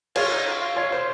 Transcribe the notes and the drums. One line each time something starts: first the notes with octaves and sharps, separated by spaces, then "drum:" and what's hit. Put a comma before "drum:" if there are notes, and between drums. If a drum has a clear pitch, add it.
F4 C#5, drum: cymbal
D#4
F4
F4
F4 C#5
C5